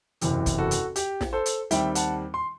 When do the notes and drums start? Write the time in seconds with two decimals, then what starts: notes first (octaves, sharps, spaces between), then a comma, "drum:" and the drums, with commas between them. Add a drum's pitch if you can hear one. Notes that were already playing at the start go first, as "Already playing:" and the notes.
0.21 F#1 E2 C3 E3, drum: hi-hat
0.46 drum: kick, hi-hat
0.58 F#4 A4
0.71 drum: hi-hat
0.96 G4, drum: hi-hat
1.21 drum: snare
1.33 A4 C5
1.46 drum: hi-hat
1.71 D#2 D#3 G3 C4 E5 G5, drum: hi-hat
1.95 F#5 A5, drum: hi-hat
2.34 C6